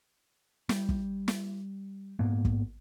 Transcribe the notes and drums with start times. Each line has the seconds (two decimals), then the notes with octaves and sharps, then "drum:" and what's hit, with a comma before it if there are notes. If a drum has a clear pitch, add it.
0.69 G3, drum: snare
0.89 drum: kick
1.28 drum: snare
2.19 G#2 A#3 B3
2.45 drum: kick